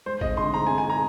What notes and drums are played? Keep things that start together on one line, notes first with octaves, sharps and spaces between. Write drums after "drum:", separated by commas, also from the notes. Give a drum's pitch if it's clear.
G#3 C5
C4 D#5, drum: kick A1
D3 C6
D3 A#5
G#5
C4
G#5
C4 A#5